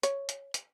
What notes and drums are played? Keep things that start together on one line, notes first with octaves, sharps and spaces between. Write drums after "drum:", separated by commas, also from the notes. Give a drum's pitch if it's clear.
C#5, drum: hi-hat
drum: hi-hat
drum: hi-hat